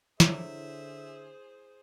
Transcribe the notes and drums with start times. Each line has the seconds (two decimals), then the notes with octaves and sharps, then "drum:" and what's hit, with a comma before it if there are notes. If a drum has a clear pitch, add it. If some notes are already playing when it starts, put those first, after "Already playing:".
0.20 D3 E4 G#4 C5 C#5 E5, drum: snare